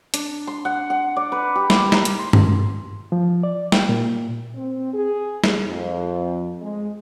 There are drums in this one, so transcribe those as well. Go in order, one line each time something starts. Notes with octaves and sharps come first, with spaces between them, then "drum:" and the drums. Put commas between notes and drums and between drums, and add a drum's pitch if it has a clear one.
D4, drum: hi-hat
C6
F#5
F#5
D5
B4
G4
C6, drum: snare
A#4, drum: snare
drum: hi-hat
C6
drum: tom G2
F3
D5
G5, drum: snare
A#2
C4
G#4
drum: snare
F2
G#3